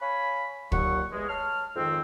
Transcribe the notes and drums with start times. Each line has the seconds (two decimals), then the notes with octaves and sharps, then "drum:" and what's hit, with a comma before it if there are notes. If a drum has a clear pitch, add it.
0.02 C#5 F5 G#5 B5
0.72 D#2 A#2 F#3 F#5 C#6, drum: kick
1.12 E2 G#3
1.29 C#5 A5 F6
1.76 F2 G#2 D#3 C4